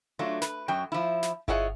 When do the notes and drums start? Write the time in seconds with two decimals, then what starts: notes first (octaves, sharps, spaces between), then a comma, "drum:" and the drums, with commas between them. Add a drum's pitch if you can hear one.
0.19 F#3 A3 D4 F4
0.42 B4, drum: snare
0.68 F#2 F#3 F#4 G5
0.92 F3 E4
1.23 drum: snare
1.48 E4 F4 G#4 C#5 D#5 F#5, drum: kick G1